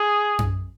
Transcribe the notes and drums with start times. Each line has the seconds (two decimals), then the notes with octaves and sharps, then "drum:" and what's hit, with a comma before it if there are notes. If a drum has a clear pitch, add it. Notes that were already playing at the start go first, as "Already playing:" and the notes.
Already playing: G#4
0.39 drum: tom F#2